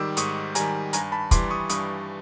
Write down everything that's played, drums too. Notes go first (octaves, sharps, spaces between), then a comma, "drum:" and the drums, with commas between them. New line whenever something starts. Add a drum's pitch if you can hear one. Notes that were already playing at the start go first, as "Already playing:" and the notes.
Already playing: G#2 D#3 G3 D6 E6
G#2 C#6 D#6, drum: hi-hat
D#3 G3 G#5 A#5, drum: hi-hat
G2 G#5 A#5, drum: hi-hat
A5 B5
E3 G3 C6 D6, drum: kick, hi-hat
C#6 D#6
G2 C#6 D#6, drum: hi-hat